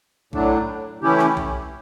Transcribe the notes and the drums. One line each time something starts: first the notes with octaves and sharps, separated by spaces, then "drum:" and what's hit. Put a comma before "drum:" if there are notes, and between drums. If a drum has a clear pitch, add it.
A2 F#3 A3 D4, drum: kick A#1
E3 A3 C#4 E4 G4, drum: tom C3
drum: clap
drum: kick A#1